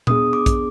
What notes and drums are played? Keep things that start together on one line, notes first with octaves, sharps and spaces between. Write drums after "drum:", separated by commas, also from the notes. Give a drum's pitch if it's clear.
B3 D4 G#4 D#6, drum: tom A#2
D6
drum: kick A#1, hi-hat